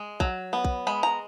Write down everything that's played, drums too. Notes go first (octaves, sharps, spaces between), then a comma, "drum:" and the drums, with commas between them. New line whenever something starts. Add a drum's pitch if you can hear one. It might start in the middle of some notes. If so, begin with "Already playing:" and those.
Already playing: G#3
F#3, drum: kick
B3
drum: kick
G#3 B5
A#5